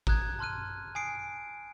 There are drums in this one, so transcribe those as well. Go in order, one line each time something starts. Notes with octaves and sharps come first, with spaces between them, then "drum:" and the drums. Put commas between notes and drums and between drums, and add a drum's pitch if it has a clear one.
A#5 D#6 F#6 G#6, drum: kick A1
A5 C6 F6 F#6 D#7
G#5 D#6 C7 D7